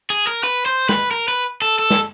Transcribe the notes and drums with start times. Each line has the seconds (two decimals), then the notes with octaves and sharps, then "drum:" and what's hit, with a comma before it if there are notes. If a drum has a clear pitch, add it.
0.10 G#4
0.27 A#4
0.44 B4
0.66 C5
0.89 B4, drum: snare
1.11 A#4
1.28 B4
1.62 A4
1.79 A4
1.91 drum: snare